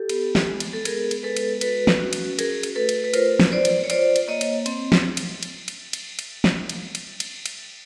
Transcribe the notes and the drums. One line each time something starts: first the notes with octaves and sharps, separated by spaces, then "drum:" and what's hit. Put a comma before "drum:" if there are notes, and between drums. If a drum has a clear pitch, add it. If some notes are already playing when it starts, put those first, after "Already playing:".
Already playing: G4 A4
B3, drum: cymbal
drum: snare
G#3
drum: cymbal
A4
B3 G#4 A#4, drum: cymbal
drum: cymbal
G#3 A4 B4
drum: cymbal
F#4 A4 B4, drum: cymbal
drum: snare
C#4 F#4
drum: cymbal
F#4 G#4 A#4, drum: cymbal
drum: cymbal
A3 A4 B4
drum: cymbal
B4
F4 A#4 C5, drum: cymbal
drum: snare
F4 C5 D5
drum: cymbal
C#5
F4 C5 D5, drum: cymbal
drum: cymbal
A#3 C#5 D#5
drum: cymbal
C4, drum: cymbal
drum: snare
drum: cymbal
drum: cymbal
drum: cymbal
drum: cymbal
drum: cymbal
drum: snare
drum: cymbal
drum: cymbal
drum: cymbal
drum: cymbal